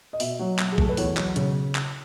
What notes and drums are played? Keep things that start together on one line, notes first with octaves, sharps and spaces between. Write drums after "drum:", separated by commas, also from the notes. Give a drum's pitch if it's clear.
D#5
B2 E5, drum: open hi-hat
F#3
F#3, drum: clap
G#4
A3 A4, drum: kick
B4
E2 C#5, drum: open hi-hat
F#3, drum: clap
C#3 C#5, drum: hi-hat
drum: clap